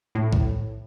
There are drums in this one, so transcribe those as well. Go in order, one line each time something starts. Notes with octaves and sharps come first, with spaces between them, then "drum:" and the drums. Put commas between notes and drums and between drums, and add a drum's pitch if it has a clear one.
A2
drum: kick